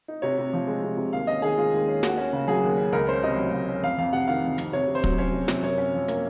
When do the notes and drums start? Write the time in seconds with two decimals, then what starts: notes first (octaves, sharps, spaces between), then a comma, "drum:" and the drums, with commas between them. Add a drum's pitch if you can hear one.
0.08 D#4
0.22 C3 C#5
0.38 C3
0.53 F3
0.67 G#3
0.83 C3
0.97 C3
1.13 D#2 F5
1.27 C#4 D#5
1.42 D#3 G#4
1.57 G#3 F4
1.73 D#2
1.88 C#4
2.03 D#2 F#4, drum: snare
2.17 C#4
2.33 C#3
2.48 F#3 G#4
2.63 D#2
2.78 C#4
2.92 C#2 A#4
3.07 C#4 C5
3.23 C3 D#5
3.38 F#3
3.52 C#2
3.69 C#4
3.83 F2 F5
3.98 F2 F5
4.13 C3 F#5
4.28 D#3 F5
4.44 F2
4.58 F2, drum: hi-hat
4.73 C3 C#5
4.87 C3
4.95 C5
5.04 F#3, drum: kick
5.18 C#4 C#5
5.32 C3
5.48 C3, drum: snare
5.63 F#2 C#5
5.78 C#4
5.93 F3
6.08 A#3, drum: hi-hat